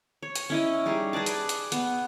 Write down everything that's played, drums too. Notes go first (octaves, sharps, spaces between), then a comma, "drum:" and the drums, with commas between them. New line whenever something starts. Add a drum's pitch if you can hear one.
C#5
drum: hi-hat
C#4 E4 D#5
G3 D#4 G#4
G#4 B4 D5 A5
drum: hi-hat
drum: hi-hat
B3, drum: hi-hat